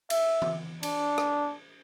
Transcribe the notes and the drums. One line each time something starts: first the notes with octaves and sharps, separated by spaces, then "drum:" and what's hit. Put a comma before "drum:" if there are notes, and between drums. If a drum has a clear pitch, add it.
E5, drum: cymbal
drum: tom E3
D4, drum: cymbal
drum: rim click